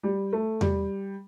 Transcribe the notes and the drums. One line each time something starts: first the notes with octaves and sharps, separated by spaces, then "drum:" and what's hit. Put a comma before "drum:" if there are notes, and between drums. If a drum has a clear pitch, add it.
G3
A3
G3, drum: tom E2